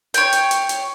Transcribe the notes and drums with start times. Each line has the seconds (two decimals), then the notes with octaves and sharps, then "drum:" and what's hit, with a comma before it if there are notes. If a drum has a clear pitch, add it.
0.14 C#5 G5, drum: hi-hat
0.32 drum: hi-hat
0.51 drum: hi-hat
0.69 drum: hi-hat